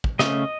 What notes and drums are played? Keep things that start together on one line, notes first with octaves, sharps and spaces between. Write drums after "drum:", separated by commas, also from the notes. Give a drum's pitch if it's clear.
drum: kick
C#3 A3 C#4 D#5, drum: snare